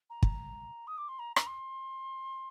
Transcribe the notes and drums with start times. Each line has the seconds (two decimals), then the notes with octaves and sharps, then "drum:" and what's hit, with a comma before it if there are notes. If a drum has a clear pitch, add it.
0.10 A#5
0.23 drum: kick
0.87 D#6
0.98 D6
1.08 C6
1.19 A#5
1.36 A#5, drum: rim click
1.47 C6